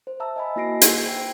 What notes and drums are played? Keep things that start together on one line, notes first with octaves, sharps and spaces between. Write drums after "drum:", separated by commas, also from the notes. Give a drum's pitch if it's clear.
C5
E5 A5 A#5 E6
D#5 G#5 B5
A#3 E4 F#4 A#6 C7 D7
E6 G#6 C7 D7, drum: hi-hat
C5 G5